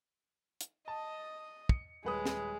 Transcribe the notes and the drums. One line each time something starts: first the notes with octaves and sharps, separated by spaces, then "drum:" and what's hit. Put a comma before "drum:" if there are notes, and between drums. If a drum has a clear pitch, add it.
drum: hi-hat
D#5 A5
C#7, drum: kick
D#1 G#3 B4 D#6
drum: snare